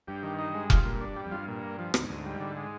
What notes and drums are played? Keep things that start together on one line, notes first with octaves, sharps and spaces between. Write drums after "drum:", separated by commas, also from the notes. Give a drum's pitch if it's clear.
G2 G4
D#3
D#4
G#3
F4, drum: kick F1
A#2
D4
G3
F2
G2 F4
A#2
A#3
F3
D2 G#2, drum: rim click
D2
G3
D3
G#3